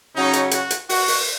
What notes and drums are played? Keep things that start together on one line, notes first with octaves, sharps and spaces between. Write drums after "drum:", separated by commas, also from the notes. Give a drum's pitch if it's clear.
C#3 F#3 C#4 D#4
drum: hi-hat
F#4, drum: hi-hat
drum: hi-hat
F#4, drum: open hi-hat
drum: open hi-hat